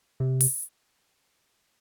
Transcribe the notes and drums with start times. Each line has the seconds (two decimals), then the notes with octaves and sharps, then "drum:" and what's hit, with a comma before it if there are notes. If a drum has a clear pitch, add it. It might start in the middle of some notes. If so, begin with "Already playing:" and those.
0.20 C3
0.41 drum: open hi-hat